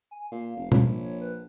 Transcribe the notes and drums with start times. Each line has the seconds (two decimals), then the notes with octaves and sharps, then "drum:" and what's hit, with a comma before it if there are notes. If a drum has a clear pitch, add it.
0.11 G#5
0.32 A#2 F5
0.57 F1
0.72 A#1 C#5, drum: tom B2
1.21 B4